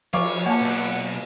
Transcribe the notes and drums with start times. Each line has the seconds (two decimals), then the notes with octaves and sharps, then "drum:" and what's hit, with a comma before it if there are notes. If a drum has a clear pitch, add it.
0.13 F3 C#5 F5 C#6 D6, drum: cymbal
0.46 A#3 F#5 A5
0.61 B1